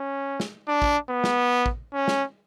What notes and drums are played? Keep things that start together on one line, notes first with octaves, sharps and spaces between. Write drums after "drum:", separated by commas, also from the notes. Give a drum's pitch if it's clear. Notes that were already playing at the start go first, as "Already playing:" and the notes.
Already playing: C#4
drum: snare
D4
drum: kick A1
B3
drum: snare
drum: kick A1
C#4
drum: snare